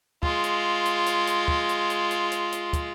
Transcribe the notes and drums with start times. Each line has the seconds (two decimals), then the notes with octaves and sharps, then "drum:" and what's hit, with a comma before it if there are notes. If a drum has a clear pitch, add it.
0.23 G#3 F4, drum: kick
0.44 drum: hi-hat
0.85 drum: hi-hat
1.06 drum: hi-hat
1.27 drum: hi-hat
1.48 drum: kick
1.69 drum: hi-hat
1.90 drum: hi-hat
2.11 drum: hi-hat
2.32 drum: hi-hat
2.52 drum: hi-hat
2.73 drum: kick, hi-hat